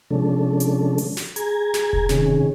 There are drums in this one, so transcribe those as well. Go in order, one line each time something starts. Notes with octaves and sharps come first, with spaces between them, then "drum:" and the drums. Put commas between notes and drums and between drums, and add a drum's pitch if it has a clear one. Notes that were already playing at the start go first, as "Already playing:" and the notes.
C3 F3 G#3 C#4 D4 A4
drum: hi-hat
drum: open hi-hat
drum: snare
G#4 A#5 G#6, drum: hi-hat
drum: snare
drum: kick E1
C3 D#3 C#4 G#4, drum: snare